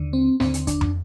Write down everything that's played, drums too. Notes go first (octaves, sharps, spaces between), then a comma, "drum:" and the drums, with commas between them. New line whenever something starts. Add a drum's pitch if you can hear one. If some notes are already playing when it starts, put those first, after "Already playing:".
Already playing: D#2 D3
C4
D#2 D3 C4, drum: snare
drum: hi-hat
D4, drum: kick, hi-hat
drum: tom F2